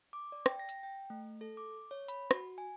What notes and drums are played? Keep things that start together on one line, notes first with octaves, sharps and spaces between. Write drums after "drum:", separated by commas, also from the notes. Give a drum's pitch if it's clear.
D6
D5
G5, drum: rim click
A#6
drum: hi-hat
G5
A3
A4
D6
C#5
B5, drum: hi-hat
F#4, drum: rim click
G#5